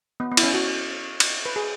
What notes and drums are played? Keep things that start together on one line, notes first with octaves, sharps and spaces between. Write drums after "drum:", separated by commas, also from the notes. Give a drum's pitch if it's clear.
B3
B3
E4, drum: cymbal
C#4
F#4
drum: cymbal
B4
G#4